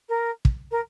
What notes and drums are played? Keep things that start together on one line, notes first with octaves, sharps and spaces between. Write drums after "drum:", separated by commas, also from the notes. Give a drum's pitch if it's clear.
A#4
drum: kick
A#4